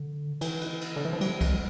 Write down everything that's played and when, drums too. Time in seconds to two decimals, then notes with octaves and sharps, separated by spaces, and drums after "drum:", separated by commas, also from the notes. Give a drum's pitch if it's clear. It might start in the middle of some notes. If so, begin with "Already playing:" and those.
Already playing: D3
0.41 E3, drum: cymbal
0.61 drum: cymbal
0.81 drum: cymbal
0.96 D3
1.05 E3
1.13 F3
1.21 G3, drum: cymbal
1.41 drum: kick C2, cymbal